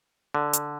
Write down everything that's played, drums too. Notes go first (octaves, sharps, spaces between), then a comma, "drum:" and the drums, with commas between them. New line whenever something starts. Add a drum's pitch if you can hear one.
D3
drum: hi-hat